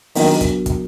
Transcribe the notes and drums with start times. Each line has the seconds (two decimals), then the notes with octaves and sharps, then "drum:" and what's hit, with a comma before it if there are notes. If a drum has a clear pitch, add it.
0.15 D#3 F#3 B3 D4 F4 A#4, drum: open hi-hat
0.41 drum: kick, hi-hat
0.66 drum: kick, hi-hat